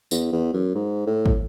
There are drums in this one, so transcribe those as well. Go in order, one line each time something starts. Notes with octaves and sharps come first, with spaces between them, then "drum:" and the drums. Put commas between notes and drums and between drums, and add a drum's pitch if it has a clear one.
E2, drum: tambourine
E2
F#2
G#2
A2
drum: kick